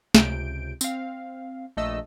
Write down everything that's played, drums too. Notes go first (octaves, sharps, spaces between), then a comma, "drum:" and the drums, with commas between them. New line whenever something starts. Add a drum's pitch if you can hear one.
C#2 C3 G6 D7, drum: snare
C4 F5, drum: tambourine
A#1 A3 D#5 E6